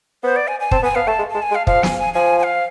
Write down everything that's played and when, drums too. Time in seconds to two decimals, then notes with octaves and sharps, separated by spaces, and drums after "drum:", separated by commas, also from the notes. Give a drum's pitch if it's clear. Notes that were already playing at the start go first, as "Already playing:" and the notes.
0.24 B3 C5
0.36 D5
0.48 G#5
0.60 G#5
0.71 C4 A5, drum: kick
0.83 B3 G#5
0.95 B3 F5
1.07 A3 A5
1.19 G#3
1.31 G#3 A5
1.42 G#5
1.51 G#3
1.55 F5
1.67 F3 F5, drum: kick
1.83 G#5, drum: snare
1.99 G#5
2.14 F3 G#5
2.39 G#5
2.43 F5